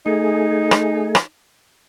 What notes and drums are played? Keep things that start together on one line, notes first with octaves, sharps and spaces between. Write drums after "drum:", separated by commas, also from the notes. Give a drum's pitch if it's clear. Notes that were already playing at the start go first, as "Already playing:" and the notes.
A3 D#4 G#4
drum: rim click
drum: rim click